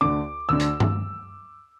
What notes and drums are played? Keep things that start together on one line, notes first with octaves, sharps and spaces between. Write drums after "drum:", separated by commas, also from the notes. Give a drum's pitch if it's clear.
D2 D3 D6
D2 D3 E6
drum: hi-hat
drum: tom G2